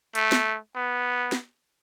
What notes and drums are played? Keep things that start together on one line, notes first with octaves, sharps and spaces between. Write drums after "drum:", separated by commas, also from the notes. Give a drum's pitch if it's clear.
A3, drum: hi-hat
drum: snare
B3
drum: snare